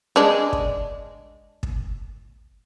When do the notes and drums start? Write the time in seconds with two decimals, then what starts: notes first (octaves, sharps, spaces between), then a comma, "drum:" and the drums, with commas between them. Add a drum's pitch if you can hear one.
0.16 G#3 D4
0.53 drum: kick
1.63 drum: kick